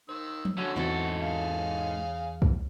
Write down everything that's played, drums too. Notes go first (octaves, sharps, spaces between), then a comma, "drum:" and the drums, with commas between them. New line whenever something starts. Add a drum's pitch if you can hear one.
D#3 C5 E6
drum: tom F3
D3 C#4 F#4 E6
E2 G#2 E3 F#3 C4 E4 A4
G#4 F5
drum: kick